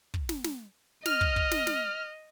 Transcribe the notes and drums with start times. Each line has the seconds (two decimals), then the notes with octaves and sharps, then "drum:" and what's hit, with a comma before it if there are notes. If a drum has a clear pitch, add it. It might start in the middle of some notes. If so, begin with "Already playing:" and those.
0.14 drum: kick
0.29 drum: snare
0.44 drum: snare
1.06 D#5 F6, drum: snare
1.21 drum: kick
1.36 drum: kick
1.51 drum: snare
1.67 drum: snare